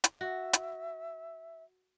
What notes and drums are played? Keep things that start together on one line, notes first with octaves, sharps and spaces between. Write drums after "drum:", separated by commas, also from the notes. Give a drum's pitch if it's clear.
drum: hi-hat
F#4 E5
drum: hi-hat